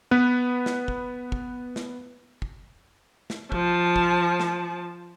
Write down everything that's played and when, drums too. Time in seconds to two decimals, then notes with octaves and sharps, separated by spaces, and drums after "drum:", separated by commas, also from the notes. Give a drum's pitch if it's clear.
0.11 B3 B4
0.66 drum: snare
0.88 drum: kick
1.32 drum: kick
1.76 drum: snare
2.42 drum: kick
3.30 drum: snare
3.52 F3 A5, drum: kick
3.96 drum: kick
4.40 drum: snare